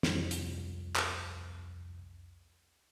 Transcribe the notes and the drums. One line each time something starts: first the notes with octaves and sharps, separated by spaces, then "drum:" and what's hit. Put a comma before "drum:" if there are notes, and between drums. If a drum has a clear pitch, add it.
C2 F2, drum: snare
drum: hi-hat
drum: clap